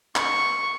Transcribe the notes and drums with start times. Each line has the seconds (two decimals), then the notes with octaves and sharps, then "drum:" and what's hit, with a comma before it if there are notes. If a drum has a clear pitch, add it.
0.16 C#6, drum: clap